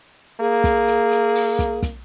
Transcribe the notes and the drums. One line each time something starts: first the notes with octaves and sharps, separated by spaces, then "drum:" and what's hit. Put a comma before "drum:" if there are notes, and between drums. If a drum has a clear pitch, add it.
A#3 G#4
drum: kick, hi-hat
drum: hi-hat
drum: hi-hat
drum: open hi-hat
drum: kick, hi-hat
drum: kick, hi-hat